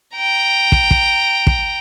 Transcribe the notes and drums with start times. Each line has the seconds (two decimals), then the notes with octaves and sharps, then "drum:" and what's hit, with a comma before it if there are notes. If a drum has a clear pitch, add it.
0.16 G5 A#5
0.72 drum: kick
0.91 drum: kick
1.47 drum: kick